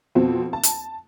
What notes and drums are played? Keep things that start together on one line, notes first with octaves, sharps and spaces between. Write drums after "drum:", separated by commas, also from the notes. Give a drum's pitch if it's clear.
F2 B2 C4
A5
drum: hi-hat